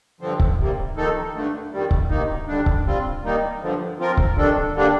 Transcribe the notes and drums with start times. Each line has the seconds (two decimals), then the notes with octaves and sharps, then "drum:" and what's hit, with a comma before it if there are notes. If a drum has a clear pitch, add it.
0.21 G2 D3 F3 C4
0.40 drum: kick C#1
0.58 C3 G3 A#3
0.96 F2 D#3 A#3 D#4 A4
1.34 G2 D3 A3
1.72 F2 D#3 G3
1.91 drum: kick C#1
2.10 D2 C3 D#3 A#3 D#4
2.48 D#2 D3 G3 D4
2.66 drum: kick C#1
2.85 G3 C4 F4
3.23 D#3 G3 A#3 D#4
3.61 G2 D3 F3
3.98 F3 C4 F4 A#4
4.17 drum: kick C#1
4.36 F2 D#3 G3 D4 A4
4.74 D3 G3 A#3 D4